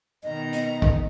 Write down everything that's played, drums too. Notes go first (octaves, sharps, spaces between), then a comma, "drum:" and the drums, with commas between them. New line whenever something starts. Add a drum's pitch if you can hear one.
B2 D#3 D#5 A#5
drum: hi-hat
drum: kick